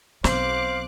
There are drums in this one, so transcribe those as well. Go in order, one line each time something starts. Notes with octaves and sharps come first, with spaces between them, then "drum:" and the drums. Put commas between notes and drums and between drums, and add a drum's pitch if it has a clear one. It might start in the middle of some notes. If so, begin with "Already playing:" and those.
B1 C4 C5 F5 D6 F#6, drum: snare